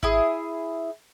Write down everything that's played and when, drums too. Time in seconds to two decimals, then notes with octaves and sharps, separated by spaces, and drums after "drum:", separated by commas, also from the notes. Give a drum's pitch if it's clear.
0.03 E4 G#4, drum: kick G#1